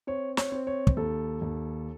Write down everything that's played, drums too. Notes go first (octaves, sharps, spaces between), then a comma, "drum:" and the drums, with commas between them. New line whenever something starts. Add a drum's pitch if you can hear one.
C4 C#5
C#5, drum: snare
C4
C#5
drum: kick
D#2 A4
D#2